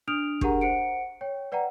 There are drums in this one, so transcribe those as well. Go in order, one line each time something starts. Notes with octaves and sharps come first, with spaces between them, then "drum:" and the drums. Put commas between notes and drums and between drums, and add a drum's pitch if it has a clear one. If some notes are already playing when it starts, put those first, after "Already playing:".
D4 D#6 F6 D7 F7
D4 G4 G#4 A#4 F#5 A#5, drum: kick
C5 F#5 C#7 D7
C#5 G5
B4 D5 F#5 G5 A#5